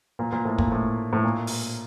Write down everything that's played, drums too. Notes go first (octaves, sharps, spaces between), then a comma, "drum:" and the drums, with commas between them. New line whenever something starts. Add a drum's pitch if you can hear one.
A#2
A#2
A2
A#2, drum: kick
A2
A2
A#2
drum: open hi-hat